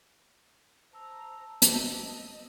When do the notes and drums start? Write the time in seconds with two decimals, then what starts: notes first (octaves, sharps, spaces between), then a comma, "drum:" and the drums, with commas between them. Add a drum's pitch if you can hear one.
0.93 C5 A5 A#5 E6
1.62 drum: hi-hat
1.73 D#5